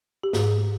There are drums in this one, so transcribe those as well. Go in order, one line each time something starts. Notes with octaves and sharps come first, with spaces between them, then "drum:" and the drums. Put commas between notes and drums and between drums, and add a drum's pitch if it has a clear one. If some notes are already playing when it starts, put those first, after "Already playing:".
G4
G#2 G#4, drum: snare